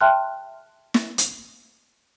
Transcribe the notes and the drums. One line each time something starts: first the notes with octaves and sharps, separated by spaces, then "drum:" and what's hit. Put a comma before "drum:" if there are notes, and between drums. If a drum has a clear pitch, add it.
E5 G5 A5 C6 F6 F#6
drum: snare
drum: hi-hat